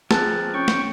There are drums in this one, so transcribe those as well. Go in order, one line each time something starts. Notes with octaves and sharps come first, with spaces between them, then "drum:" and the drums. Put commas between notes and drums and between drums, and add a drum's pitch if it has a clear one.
F3 A#3 C4 G#4 A5 E6 F#6 A6, drum: snare
C#4 G5 C#6
drum: snare